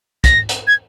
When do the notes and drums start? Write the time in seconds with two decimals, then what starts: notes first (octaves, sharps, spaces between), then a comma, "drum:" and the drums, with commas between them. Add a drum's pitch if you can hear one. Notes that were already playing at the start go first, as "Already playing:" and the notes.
0.24 A#6, drum: kick, hi-hat
0.49 drum: hi-hat
0.67 G#6